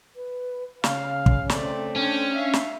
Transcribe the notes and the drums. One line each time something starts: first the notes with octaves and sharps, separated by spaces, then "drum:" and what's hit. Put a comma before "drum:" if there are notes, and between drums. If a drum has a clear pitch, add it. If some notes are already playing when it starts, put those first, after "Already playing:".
B4
C#3 F5, drum: snare
drum: kick
A3 C4 D5, drum: snare
C#4 D4 G5
D4 E5 F5
drum: snare